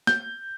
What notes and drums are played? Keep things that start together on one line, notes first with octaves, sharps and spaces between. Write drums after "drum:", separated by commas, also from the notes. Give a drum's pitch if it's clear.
G6, drum: snare